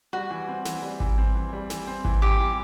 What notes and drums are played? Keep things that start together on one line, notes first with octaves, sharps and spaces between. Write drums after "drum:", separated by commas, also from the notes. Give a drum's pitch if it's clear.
G3 F#4
E3
C4
E3, drum: snare
G3
E3, drum: kick G#1
C4
E3
G3
E3, drum: snare
C4
E3, drum: kick G#1
G3 G4
E3